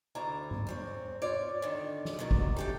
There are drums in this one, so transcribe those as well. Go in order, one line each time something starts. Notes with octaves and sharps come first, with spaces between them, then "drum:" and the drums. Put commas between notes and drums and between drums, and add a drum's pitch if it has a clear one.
D2 D3 E4 A#5
drum: tom G#2
E2 C4 C#5
F4 C#5 D5
D3 D#3
drum: snare
B2 D3 D#3 F#3
drum: kick
F#2 G4 A4